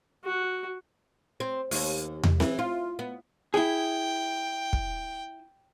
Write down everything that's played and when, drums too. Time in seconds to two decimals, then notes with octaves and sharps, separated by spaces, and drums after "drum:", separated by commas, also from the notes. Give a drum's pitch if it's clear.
0.24 F#4
1.40 C4
1.71 D#2, drum: open hi-hat
2.23 drum: tom E2
2.40 E3, drum: snare C4
2.59 F4
2.99 B3
3.54 E4 G#4 G5
4.73 drum: kick